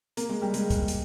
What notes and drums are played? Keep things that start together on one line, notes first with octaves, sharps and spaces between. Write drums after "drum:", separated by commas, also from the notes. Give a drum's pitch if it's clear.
A#3, drum: hi-hat
G#3
G3
G#3, drum: hi-hat
drum: kick, hi-hat
drum: hi-hat